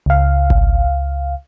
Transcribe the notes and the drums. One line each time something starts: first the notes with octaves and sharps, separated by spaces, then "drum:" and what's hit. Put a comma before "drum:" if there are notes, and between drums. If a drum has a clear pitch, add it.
C#2 F5
drum: kick G#1